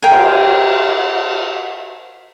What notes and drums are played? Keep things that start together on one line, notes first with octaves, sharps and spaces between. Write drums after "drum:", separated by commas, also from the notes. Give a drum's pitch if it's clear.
G#4 A#4 G5
drum: cymbal